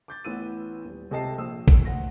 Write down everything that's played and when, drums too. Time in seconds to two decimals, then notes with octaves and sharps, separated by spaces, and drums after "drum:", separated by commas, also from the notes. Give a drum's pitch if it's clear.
0.08 D6 G6 A6
0.25 A1 E3 B3 B4 E6 D#7
0.84 D#1
1.10 C#2 C3 A4 D#5 A5 C7
1.38 A#1 D#6 E6
1.68 drum: kick
1.85 D2 F#5 A#6